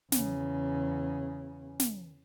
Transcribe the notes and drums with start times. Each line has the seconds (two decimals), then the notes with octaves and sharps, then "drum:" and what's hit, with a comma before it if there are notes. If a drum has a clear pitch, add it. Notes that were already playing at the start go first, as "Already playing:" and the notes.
0.12 E2 C#3, drum: snare
1.80 drum: snare